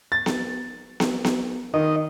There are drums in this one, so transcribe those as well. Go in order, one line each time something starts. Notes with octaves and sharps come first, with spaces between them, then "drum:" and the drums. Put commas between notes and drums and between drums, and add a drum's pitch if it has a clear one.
A6
drum: snare B3
drum: snare B3
drum: snare B3
D#3 D#5